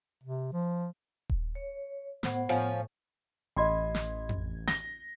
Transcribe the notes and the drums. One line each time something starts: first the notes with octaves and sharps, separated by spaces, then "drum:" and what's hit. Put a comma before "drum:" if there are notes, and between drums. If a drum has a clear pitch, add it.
C3
F3
drum: kick D#1
C#5
A2 B3 C5 F#5 G#6, drum: snare
A2 F3 C#4
A1 D#5 B5 C6 G#6
drum: snare
drum: tom F2
A#6 G7, drum: snare